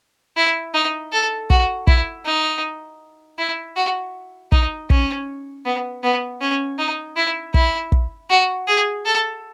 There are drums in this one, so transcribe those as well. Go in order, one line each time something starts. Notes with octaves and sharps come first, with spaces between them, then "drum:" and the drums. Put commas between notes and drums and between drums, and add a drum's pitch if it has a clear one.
E4
D#4
A4
F#4, drum: kick
E4, drum: kick
D#4
E4
F#4
D#4, drum: kick
C#4, drum: kick
B3
B3
C#4
D#4
E4
E4, drum: kick
drum: kick
F#4
G#4
A4